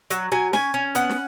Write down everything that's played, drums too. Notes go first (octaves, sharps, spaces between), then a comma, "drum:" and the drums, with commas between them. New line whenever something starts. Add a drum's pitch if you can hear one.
F#3 F#5, drum: hi-hat
F#3 G#5
C#4 G#5, drum: snare
C#4
B3 F#5, drum: hi-hat
drum: snare